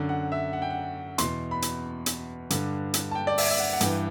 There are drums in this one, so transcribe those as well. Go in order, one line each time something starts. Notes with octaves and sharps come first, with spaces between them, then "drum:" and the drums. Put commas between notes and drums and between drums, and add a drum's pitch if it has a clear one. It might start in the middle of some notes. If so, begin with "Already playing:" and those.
Already playing: F#2 D3
F#5
E5
F#5
G5
F#5
E2 B2 C6, drum: hi-hat
B5
drum: hi-hat
drum: hi-hat
G2 D3, drum: hi-hat
drum: hi-hat
A5
G5
D5
E5, drum: open hi-hat
E5
F#5
F#5
G2 E3 G5, drum: hi-hat